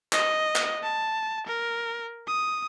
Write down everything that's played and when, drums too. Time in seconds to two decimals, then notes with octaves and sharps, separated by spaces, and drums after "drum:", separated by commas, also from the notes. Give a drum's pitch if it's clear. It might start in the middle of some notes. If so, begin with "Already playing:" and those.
0.13 D#5, drum: clap
0.56 drum: clap
0.83 A5
1.47 A#4
2.27 D#6